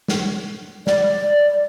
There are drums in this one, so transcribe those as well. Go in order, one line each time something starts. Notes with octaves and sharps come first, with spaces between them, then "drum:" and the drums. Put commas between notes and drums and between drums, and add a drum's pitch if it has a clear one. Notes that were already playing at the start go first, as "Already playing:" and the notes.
drum: snare
D5, drum: snare